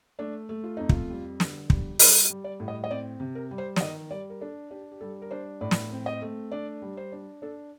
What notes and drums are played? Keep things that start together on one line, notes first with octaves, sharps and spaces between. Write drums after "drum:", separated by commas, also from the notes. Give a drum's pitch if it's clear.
A3 D4
A3
F4
F2 D#4
F4, drum: kick
G3
D3, drum: snare
G3, drum: kick
G3 D#4, drum: open hi-hat
G3
D5
A2
D#5
D#5
C4 D5
C3
A#4
G3
C5
D5, drum: snare
D#3 D#5
G3 D5
A#4
D4 A4
D4 G4
G4
G3 A4
A#4
D4 C5
A2 D5
drum: snare
C4
D#5
A3
D4 D5
G3
C5
D4
D4 A4